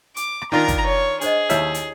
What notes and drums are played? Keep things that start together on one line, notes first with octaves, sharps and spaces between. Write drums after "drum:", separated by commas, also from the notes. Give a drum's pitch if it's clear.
D6, drum: hi-hat
drum: rim click
D#3 D4 F4 A#4 A#5
drum: kick, hi-hat
C#5
D4 G#4 C5 D#5, drum: hi-hat
D#2 E4 G4 C#5 E5, drum: hi-hat
drum: hi-hat